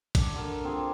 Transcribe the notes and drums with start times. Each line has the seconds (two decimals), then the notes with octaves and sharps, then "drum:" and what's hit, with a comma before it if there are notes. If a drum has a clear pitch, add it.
0.15 D4 A4, drum: kick, cymbal
0.35 D3 A#4
0.64 C4 F4 G#4 D5